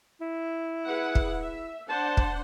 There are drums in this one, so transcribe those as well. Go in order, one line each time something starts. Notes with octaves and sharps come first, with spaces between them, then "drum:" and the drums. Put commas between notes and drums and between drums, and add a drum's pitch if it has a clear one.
E4
G#4 B4 F#5
drum: kick
E5
D4 C5 F#5 A5
drum: kick